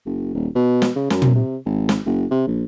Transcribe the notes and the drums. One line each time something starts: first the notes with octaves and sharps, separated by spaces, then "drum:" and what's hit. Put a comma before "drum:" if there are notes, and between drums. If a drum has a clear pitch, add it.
F#1
D#1
B2
drum: snare
C#3
F#2, drum: snare
drum: tom
C3
G#1
drum: snare
F#1
C3
A#1